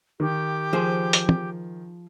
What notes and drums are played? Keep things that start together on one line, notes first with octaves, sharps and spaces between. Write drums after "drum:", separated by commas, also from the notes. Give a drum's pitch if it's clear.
D#3 G4
F3 G#4 C5
drum: hi-hat
drum: tom